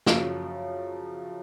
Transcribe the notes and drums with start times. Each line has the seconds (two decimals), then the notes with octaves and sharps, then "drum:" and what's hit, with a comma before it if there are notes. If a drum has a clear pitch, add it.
0.06 F#2 C#3 F3, drum: snare